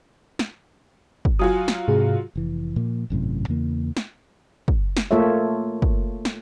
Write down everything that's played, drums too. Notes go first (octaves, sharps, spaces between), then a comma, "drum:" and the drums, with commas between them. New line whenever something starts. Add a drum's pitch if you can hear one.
drum: snare
drum: kick
F#3 F4 F#4 G#5 D#6
drum: snare
G#2 C3 G#4
F1 E3
A#2 F3 A#3
G#1 F#2 A2 C3
E2 C#3 E3 A#3
drum: snare
drum: kick
drum: snare
A3 A#3 F4 A4 C#5 E5
drum: kick
drum: snare